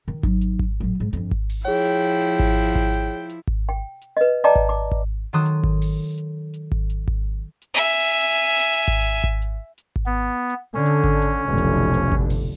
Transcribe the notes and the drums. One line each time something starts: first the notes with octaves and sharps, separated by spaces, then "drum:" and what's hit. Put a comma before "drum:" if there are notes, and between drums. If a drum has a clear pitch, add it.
D#3
F#3 D#4, drum: kick G#1
drum: hi-hat
drum: kick G#1
A2 F#3
G#2
G1 F2, drum: hi-hat
drum: kick G#1
drum: open hi-hat
F3 E4 G#4 C#5 G5
drum: hi-hat
drum: hi-hat
drum: kick G#1
drum: hi-hat
drum: kick G#1
drum: hi-hat
drum: hi-hat
drum: kick G#1
G5
drum: hi-hat
B4 D#5
D5 D#5 G5 A5 A#5 D6
drum: kick G#1
D6
drum: kick G#1
D#3 F#3 A4 C6 D#6 F#6
drum: hi-hat
drum: kick G#1
drum: open hi-hat
drum: hi-hat
drum: hi-hat
drum: kick G#1
drum: hi-hat
drum: kick G#1
drum: hi-hat
E5 G#5
drum: open hi-hat
drum: hi-hat
drum: kick G#1
drum: hi-hat
drum: kick G#1
drum: hi-hat
drum: hi-hat
drum: kick G#1
B3
drum: hi-hat
D3 C#4
drum: hi-hat
drum: kick G#1
drum: hi-hat
F1 B1 D3
drum: hi-hat
drum: hi-hat
drum: kick G#1
drum: open hi-hat